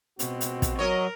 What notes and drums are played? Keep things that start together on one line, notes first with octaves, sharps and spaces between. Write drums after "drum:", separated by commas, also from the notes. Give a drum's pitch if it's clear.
C#2 B2 C4 F#4, drum: hi-hat
drum: hi-hat
drum: kick, hi-hat
F#3 A#4 C#5 D#5